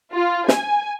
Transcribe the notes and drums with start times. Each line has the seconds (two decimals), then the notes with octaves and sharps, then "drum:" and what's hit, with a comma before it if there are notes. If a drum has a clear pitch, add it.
0.13 F4
0.48 G#5, drum: snare